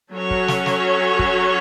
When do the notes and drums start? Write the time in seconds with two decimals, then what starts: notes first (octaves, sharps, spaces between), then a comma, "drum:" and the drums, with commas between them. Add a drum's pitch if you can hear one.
0.13 F#3 C#4 F#4 A4 C#5
0.31 drum: kick
0.48 drum: snare
0.66 drum: snare
1.19 drum: kick